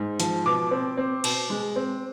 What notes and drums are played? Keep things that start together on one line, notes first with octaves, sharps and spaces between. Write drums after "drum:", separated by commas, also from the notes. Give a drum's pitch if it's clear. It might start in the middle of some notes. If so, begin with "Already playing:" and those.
Already playing: G#2
F3, drum: hi-hat
B2 D6
C4
C4
B2, drum: cymbal
G#3
C4